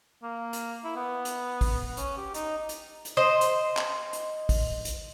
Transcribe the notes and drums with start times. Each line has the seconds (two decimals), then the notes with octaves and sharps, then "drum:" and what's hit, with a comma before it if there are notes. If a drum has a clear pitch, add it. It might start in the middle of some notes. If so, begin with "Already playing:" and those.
0.23 A#3
0.53 drum: hi-hat
0.84 E4
0.96 B3
1.25 drum: hi-hat
1.61 drum: kick A1, open hi-hat
1.97 C#4, drum: hi-hat
2.17 G4
2.34 D#4, drum: hi-hat
2.69 drum: hi-hat
3.05 drum: hi-hat
3.17 C5 D#5
3.41 drum: hi-hat
3.77 drum: clap
4.13 drum: hi-hat
4.49 drum: kick A1, open hi-hat
4.85 drum: hi-hat